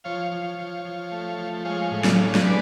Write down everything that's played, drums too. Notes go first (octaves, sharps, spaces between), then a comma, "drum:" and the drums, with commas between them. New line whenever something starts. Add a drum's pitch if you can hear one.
F3 C#5 F5
F3
F3
F3
A3
F3
G#3 C#5 F5
A2
C#5 F5, drum: snare
D4
F5, drum: snare
G#3 B4 D5